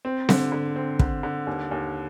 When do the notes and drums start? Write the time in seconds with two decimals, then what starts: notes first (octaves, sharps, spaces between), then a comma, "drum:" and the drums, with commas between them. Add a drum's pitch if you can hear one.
0.05 C4
0.29 D3, drum: snare C4
0.52 D3
0.76 C4
0.99 D3, drum: kick
1.23 D3
1.47 D#2
1.71 D#2